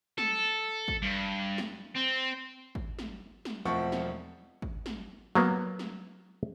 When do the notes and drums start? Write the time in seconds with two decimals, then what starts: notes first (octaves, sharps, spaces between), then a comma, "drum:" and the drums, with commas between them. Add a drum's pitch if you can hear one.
0.18 A4, drum: snare
0.88 drum: kick
1.03 G2
1.58 drum: snare
1.96 C4
2.75 drum: kick
2.99 drum: snare
3.45 drum: snare
3.65 E1 F3 A3 C4 F#5 C#6
3.92 drum: snare
4.62 drum: kick
4.86 drum: snare
5.35 F#3 A#3 B3, drum: snare
5.79 drum: snare